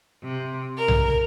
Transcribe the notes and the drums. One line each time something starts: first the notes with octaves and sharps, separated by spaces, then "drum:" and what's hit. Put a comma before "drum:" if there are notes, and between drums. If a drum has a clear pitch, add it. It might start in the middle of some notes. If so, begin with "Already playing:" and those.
C3
A#4
drum: tom B1